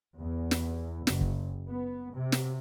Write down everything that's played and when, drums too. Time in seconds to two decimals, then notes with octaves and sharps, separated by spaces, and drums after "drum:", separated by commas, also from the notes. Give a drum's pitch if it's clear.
0.19 E2
0.51 drum: snare
1.07 F#1, drum: snare
1.21 drum: kick
1.68 B3
2.14 C3
2.32 drum: snare